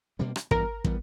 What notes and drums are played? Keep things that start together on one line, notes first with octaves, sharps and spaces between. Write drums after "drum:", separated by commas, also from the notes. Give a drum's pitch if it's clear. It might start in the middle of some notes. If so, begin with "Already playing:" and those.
B2 G3 A#3 C#4
drum: rim click
G2 E3 G3 B3 A#4, drum: kick
E3 G3 B3, drum: kick